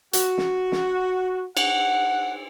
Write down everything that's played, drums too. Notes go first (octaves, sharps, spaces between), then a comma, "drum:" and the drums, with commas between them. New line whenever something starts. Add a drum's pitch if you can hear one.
F#4, drum: hi-hat
drum: snare
drum: snare
F#5, drum: cymbal